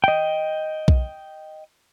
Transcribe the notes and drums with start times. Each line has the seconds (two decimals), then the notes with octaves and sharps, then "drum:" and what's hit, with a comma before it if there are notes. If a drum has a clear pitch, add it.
0.04 D#5 G5
0.88 drum: kick B1